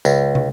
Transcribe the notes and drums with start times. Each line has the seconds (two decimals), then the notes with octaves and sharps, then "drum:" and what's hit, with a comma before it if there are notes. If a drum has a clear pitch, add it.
0.05 C#2, drum: tambourine
0.35 drum: tom